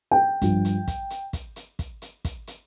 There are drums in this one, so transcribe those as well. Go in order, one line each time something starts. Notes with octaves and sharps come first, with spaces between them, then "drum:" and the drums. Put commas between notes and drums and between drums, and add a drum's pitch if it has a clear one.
G5
G2 F3, drum: kick, hi-hat
drum: hi-hat
drum: kick, hi-hat
drum: hi-hat
drum: kick, hi-hat
drum: hi-hat
drum: kick, hi-hat
drum: hi-hat
drum: kick, hi-hat
drum: hi-hat